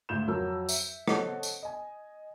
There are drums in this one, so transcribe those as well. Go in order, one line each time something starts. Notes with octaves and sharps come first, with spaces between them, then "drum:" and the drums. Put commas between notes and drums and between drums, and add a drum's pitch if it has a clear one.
D2 G#2 F4 G6 E7
F2 F#3 A#4 E6
E5, drum: tambourine
C4 A4 C#5 D#5 F#5, drum: rim click
drum: tambourine
D#5 G#5